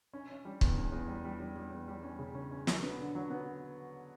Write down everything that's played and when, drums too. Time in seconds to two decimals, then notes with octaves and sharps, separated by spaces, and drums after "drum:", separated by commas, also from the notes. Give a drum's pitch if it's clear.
0.13 C#4
0.29 C#4
0.45 G3
0.61 E2, drum: kick
0.77 C#4
0.92 E2
1.08 G3
1.25 G3
1.40 G3
1.56 G3
1.72 E2
1.88 G3
2.03 C#4
2.19 C#3
2.35 C#4
2.51 C#4
2.67 F#3, drum: snare
2.83 B3
2.98 D3
3.15 F#3
3.30 B3